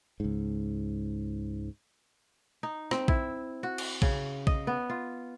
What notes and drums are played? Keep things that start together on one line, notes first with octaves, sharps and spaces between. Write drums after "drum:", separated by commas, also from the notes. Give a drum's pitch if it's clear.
C#2 G#2
D#4
C4, drum: rim click
E4, drum: kick A#1
F#4
drum: cymbal
C#3, drum: kick A#1
D#5, drum: kick A#1
B3
F4